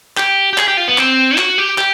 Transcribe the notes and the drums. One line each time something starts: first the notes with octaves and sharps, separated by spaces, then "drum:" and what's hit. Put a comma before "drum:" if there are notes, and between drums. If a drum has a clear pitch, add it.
G4, drum: clap
G4
G#4, drum: clap
G4
F4
B3
C4, drum: clap
F#4, drum: clap
G4
G4, drum: clap